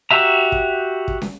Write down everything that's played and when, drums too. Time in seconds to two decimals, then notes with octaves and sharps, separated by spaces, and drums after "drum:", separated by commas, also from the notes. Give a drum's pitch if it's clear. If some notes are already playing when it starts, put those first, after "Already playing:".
0.11 F#4 G4 E5 A#5
0.52 drum: kick
1.08 drum: kick
1.22 drum: snare